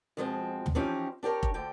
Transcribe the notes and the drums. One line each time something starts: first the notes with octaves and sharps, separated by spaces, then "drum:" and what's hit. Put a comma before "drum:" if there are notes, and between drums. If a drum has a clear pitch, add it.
F2 B2 F3 G#3 B3 C4
drum: tom
E3 F3 C#4 D#4 G4
D4 G4 A#4 C#5
drum: kick F1
D2 D3 G5